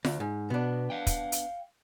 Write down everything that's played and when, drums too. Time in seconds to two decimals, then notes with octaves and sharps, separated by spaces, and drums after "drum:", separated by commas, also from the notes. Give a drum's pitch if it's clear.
0.05 D2, drum: snare F4
0.20 G#2
0.50 B2 B3 D4
0.90 F5 G5
1.07 drum: kick, hi-hat
1.32 drum: hi-hat